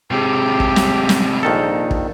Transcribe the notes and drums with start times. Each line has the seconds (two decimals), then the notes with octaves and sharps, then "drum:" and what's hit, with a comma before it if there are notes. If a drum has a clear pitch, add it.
0.11 C3 G#3 G4
0.60 drum: kick
0.76 drum: snare
1.09 drum: snare
1.43 A#1 D#3 A4
1.91 drum: kick